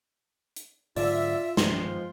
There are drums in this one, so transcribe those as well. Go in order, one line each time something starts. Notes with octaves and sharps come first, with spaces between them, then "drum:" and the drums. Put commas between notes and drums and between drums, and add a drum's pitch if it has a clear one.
drum: hi-hat
G#2 D3 F#3 F4 D5 E5, drum: open hi-hat
G2 D#3 F3 G#3 B3 C6, drum: snare